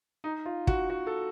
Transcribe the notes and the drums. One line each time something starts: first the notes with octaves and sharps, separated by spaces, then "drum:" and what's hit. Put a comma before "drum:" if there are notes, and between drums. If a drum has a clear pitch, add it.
D#4
F4
F#4, drum: kick
F#4
A4